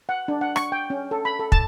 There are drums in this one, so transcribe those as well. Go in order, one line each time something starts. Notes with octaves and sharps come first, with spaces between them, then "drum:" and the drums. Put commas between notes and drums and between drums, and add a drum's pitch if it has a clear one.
F#5
D4
F#5
C#6, drum: rim click
G5
C#4
A4
B5
A4
A5, drum: kick